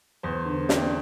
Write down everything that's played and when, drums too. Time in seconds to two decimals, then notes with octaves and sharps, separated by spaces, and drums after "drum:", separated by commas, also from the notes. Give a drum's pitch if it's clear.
0.23 E2 C5
0.46 D3
0.69 C4 D5, drum: snare